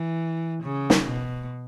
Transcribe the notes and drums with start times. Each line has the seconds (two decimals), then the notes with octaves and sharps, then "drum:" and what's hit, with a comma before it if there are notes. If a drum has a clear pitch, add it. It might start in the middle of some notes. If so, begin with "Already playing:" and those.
Already playing: E3
0.63 C#3
0.90 drum: snare
1.07 B2